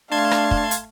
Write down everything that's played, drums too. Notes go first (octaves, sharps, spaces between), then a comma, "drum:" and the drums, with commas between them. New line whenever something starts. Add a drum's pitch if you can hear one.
A3 D4 F5 A5 C6 G#6
drum: rim click
drum: kick
drum: hi-hat